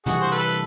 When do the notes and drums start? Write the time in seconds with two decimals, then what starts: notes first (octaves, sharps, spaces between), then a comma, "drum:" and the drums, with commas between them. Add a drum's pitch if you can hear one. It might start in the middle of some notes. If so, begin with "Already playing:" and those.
0.06 C3 E3 G3 F#4 G#4, drum: hi-hat
0.22 C5
0.32 A4 B4